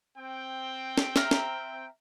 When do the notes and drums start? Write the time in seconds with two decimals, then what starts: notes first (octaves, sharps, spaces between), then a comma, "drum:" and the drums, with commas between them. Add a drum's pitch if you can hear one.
0.17 C4 G5
0.98 drum: snare
1.16 E5 A#5 F6, drum: snare
1.31 drum: snare